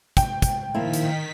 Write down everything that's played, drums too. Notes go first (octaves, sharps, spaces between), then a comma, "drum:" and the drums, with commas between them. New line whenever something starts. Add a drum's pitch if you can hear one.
G5, drum: kick, hi-hat
drum: kick, hi-hat
A#2 D#3 F3 E4 B6
drum: hi-hat